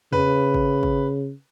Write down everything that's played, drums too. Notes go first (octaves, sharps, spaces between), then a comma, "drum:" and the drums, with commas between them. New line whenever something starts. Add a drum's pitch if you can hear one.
C#3 B4, drum: tom E2
drum: kick
drum: kick